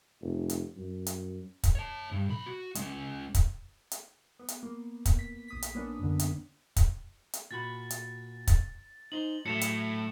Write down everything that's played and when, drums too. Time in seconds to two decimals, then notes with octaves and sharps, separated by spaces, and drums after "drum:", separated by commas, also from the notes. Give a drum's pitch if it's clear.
0.21 F1
0.50 drum: hi-hat
0.77 F#2
1.07 drum: hi-hat
1.64 drum: kick, hi-hat
1.75 C#5 A5
2.12 G2
2.28 B1 B5
2.46 F#4
2.75 G#3 C#4, drum: hi-hat
3.34 drum: kick, hi-hat
3.91 drum: hi-hat
4.39 B3
4.48 drum: hi-hat
4.63 A#3
5.05 drum: kick, hi-hat
5.19 B6
5.48 A#1 D#6 B6
5.62 drum: hi-hat
5.75 A#3 B3 C#4 D4
6.00 F#2 D3
6.19 drum: hi-hat
6.76 drum: kick, hi-hat
7.33 drum: hi-hat
7.51 A#2 F#4 B5 A6
7.90 drum: hi-hat
8.47 drum: kick, hi-hat
9.12 D#4 C5 F#7
9.46 A2 F#3 A3 F#4 C#7 E7 F7
9.61 drum: hi-hat